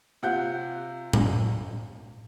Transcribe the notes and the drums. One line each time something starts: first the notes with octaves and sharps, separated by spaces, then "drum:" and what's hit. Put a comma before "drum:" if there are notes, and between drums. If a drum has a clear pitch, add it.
C3 F4 F#5 F#6 G6
drum: tom A2